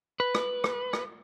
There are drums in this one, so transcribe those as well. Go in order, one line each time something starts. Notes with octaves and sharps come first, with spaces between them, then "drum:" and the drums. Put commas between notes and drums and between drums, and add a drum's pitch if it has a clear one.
B4
drum: rim click
drum: rim click
drum: rim click